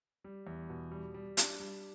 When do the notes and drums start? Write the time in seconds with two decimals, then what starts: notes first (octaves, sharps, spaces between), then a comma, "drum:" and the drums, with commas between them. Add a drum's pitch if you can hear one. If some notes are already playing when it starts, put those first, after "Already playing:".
0.24 G3
0.47 E2
0.70 B2
0.92 G3
1.14 G3
1.37 D4, drum: hi-hat
1.60 G3